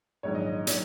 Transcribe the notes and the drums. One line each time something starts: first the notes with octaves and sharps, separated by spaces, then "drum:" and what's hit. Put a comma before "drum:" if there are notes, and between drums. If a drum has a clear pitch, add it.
A#1 G#2 D#3 F#3 C#5
D#5
D#5
D#3 F#3 C#5, drum: hi-hat